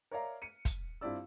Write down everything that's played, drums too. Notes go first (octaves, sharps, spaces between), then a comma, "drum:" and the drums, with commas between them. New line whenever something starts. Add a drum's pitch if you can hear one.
A#4 C#5 D5 E5 F5 A#5
C#7 D#7
drum: kick, hi-hat
G2 C4 E4 F4 D5 E6